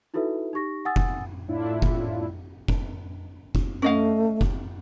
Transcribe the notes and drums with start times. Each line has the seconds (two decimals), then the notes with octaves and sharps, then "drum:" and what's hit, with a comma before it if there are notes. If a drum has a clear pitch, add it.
0.14 D#4 E4 F#4 A4 B4 E5
0.53 D#4 G4 C#6 A#6
0.85 F#5 G#5 D#6 E6 A6
0.96 drum: kick F1
1.48 A2 D4 E4 F4
1.82 drum: kick F1
2.68 drum: kick F1
3.55 drum: kick F1
3.82 A3 C#4 D#5 F5
4.41 drum: kick F1